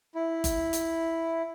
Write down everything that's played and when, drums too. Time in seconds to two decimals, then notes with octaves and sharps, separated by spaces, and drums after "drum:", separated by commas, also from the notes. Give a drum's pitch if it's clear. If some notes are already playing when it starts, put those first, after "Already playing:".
0.15 E4
0.44 drum: kick F#1, hi-hat
0.73 drum: hi-hat